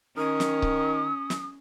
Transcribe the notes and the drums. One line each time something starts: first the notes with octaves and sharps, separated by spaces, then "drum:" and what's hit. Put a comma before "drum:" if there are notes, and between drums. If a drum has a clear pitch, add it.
D#3 C#4 A#4 D#6
drum: snare
drum: kick C#1
drum: snare